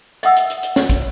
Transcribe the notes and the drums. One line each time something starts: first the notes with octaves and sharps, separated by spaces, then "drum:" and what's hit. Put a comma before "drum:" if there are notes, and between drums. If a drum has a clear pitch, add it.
D#5 E5 F#5 D#6 E6, drum: hi-hat
drum: hi-hat
drum: hi-hat
drum: hi-hat
drum: snare
drum: kick, hi-hat